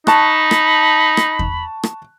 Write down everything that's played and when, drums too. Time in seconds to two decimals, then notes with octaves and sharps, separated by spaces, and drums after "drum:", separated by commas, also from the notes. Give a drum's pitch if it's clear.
0.07 D#4 A5 B5 C#6 F#6, drum: rim click
0.51 drum: rim click
1.17 drum: rim click
1.39 drum: kick E2
1.83 drum: rim click